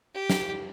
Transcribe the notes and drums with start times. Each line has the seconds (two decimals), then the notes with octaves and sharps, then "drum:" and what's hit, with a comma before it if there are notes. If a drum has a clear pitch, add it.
0.14 G4
0.30 drum: snare